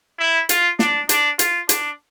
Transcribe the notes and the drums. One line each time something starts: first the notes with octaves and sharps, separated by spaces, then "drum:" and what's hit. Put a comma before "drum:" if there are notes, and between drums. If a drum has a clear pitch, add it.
E4
F4, drum: hi-hat
D4, drum: snare
D4, drum: hi-hat
F4, drum: hi-hat
D4, drum: hi-hat